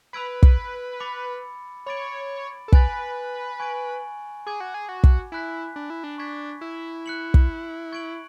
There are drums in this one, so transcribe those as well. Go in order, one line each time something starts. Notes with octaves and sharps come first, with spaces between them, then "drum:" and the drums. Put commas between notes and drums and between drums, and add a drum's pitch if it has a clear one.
B4 B5 E6 G#6 D7
drum: kick
B5 D6 A6 C#7
C#5 B5 D6 A6 D7 F#7
A4
B4 G#5 B5 F#6 A6, drum: kick
G#5 C#6 G#6 D7 F#7
G#4 G#5 D6 G#6
F#4
G#4
F#4
drum: kick
E4 G#5 B5 F#6 B6
D4
E4
D4
D4 C#6 G#6 B6
E4
F#6 C#7 F#7
drum: kick
C#6 G#6 D7 F#7